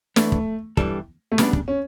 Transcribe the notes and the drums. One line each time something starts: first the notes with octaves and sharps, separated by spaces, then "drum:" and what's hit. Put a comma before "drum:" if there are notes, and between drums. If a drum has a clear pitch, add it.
E3 A3 B3 D4, drum: snare
drum: kick
G2 E3 G3 D4 A4, drum: kick
A3
C#3 G3 B3 D4, drum: snare
drum: kick
C#4